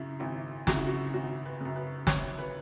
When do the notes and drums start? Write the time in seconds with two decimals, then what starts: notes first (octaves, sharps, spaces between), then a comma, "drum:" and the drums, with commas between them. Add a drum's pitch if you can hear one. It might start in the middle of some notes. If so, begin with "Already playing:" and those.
Already playing: F#2 C#3 E4
0.20 G#1 E4
0.67 F#2 C#3 F#4, drum: snare
0.77 E4
0.87 F#4
1.13 G#1 F#4
1.45 B4
1.61 F#2 C#3
1.76 B4
2.07 G#1 C#5, drum: snare
2.39 B4